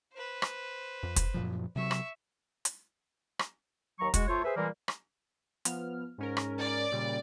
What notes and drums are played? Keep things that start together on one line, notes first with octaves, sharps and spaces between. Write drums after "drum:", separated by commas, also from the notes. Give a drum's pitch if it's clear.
B4 C5
drum: rim click
F2
drum: kick, hi-hat
F#2 A#2 F3
C3 F#3 E5 C#6
drum: rim click
drum: hi-hat
drum: rim click
D#2 F#3 A#5 C#6
G#3 F#4, drum: kick, hi-hat
A3 F4 A4 C5 C#5
G#4 B4 C5 E5
A#2 E3 G3 G#3 A#3
drum: rim click
F3 B3 F6, drum: hi-hat
G#2 C#4 A#4
drum: rim click
D5
A#2 C#3 G3